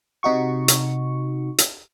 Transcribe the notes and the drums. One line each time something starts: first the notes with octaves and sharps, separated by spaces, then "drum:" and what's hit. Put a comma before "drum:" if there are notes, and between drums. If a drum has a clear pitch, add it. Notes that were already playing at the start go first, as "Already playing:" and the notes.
C3 D#4 F#4 C#6
drum: hi-hat
drum: hi-hat